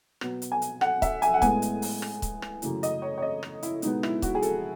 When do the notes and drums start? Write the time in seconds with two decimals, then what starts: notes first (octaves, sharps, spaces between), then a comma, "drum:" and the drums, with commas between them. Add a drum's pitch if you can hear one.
0.21 B2 F#3 B3, drum: rim click
0.42 drum: hi-hat
0.52 G#5
0.62 drum: hi-hat
0.81 F#5, drum: rim click
1.02 E5, drum: kick C#1, hi-hat
1.22 G#5, drum: hi-hat
1.34 F#5
1.42 A2 G#3 B3 G#5, drum: kick C#1, hi-hat
1.62 drum: hi-hat
1.82 drum: open hi-hat
2.02 drum: rim click
2.22 drum: kick C#1, hi-hat
2.42 drum: rim click
2.62 F#2 C#3 E3 A3, drum: hi-hat
2.83 D#5, drum: hi-hat
3.02 C#5
3.18 C#5
3.22 D#5
3.43 drum: rim click
3.63 E4, drum: hi-hat
3.82 B2 G#3 B3 D#4, drum: hi-hat
4.03 E4, drum: rim click
4.22 F#4, drum: kick C#1, hi-hat
4.35 G#4
4.42 A4, drum: hi-hat